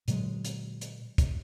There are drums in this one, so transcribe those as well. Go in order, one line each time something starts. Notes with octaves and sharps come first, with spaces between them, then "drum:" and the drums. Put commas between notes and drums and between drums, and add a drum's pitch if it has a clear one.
A#2 D3 F#3 G#3, drum: hi-hat
drum: hi-hat
drum: hi-hat
drum: kick, hi-hat